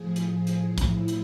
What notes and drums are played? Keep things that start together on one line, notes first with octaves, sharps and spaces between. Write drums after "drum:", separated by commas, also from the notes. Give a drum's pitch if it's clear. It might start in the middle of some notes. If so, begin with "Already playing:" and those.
Already playing: A2 F3 G#4
G#4, drum: hi-hat
drum: hi-hat
A2 F3 E4, drum: kick, hi-hat
drum: hi-hat